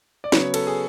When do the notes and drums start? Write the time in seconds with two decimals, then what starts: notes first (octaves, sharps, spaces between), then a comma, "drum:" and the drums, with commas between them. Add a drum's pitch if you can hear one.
0.24 D5
0.32 C#3 F#3 B3 C#5, drum: snare
0.54 A4, drum: cymbal
0.67 G#4